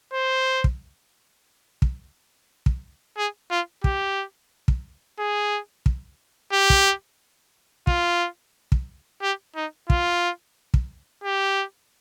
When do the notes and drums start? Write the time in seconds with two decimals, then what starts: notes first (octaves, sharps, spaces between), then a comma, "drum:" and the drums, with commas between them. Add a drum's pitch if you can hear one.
0.13 C5
0.64 drum: kick
1.82 drum: kick
2.66 drum: kick
3.17 G#4
3.51 F4
3.84 G4, drum: kick
4.68 drum: kick
5.19 G#4
5.86 drum: kick
6.53 G4
6.70 drum: kick
7.87 F4, drum: kick
8.72 drum: kick
9.22 G4
9.56 D#4
9.90 F4, drum: kick
10.74 drum: kick
11.24 G4